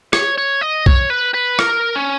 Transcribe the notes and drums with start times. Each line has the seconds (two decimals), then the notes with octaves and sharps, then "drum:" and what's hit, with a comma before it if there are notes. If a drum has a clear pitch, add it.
0.13 C#5, drum: rim click
0.38 C#5
0.61 D#5
0.86 C#5, drum: kick B1
1.10 B4
1.34 B4
1.59 A#4, drum: rim click
1.95 C#4